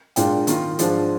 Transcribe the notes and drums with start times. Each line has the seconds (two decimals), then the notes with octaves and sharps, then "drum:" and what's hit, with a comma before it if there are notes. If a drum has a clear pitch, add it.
0.16 A#2 G#3 D4 F4 G5, drum: hi-hat
0.47 D#3 A#3 F4, drum: hi-hat
0.79 G#2 F3 G#3 D4 F4, drum: hi-hat